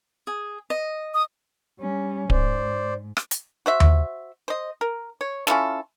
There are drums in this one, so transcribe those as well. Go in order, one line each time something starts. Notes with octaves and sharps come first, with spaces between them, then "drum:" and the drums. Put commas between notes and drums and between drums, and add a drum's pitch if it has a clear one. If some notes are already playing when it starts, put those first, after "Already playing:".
G#4
D#5
D#6
G3 C#4
G#2 C5 D5, drum: kick D1
drum: rim click
drum: hi-hat
F#4 C5 E5
drum: tom D#2
C5 D#5
A#4
C#5
C#4 E4 F4 A4, drum: snare